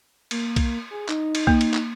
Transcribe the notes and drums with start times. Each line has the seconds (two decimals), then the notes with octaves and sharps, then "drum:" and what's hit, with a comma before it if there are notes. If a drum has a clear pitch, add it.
0.31 A#3, drum: cymbal
0.56 drum: kick B1, cymbal
0.91 G#4
1.09 D#4, drum: clap
1.35 drum: cymbal
1.47 A#3, drum: kick B1
1.61 drum: cymbal
1.74 drum: clap